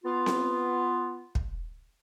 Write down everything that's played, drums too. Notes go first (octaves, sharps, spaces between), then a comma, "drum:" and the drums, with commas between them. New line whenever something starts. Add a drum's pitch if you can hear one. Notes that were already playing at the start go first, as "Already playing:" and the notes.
B3 F4
drum: snare C4
drum: kick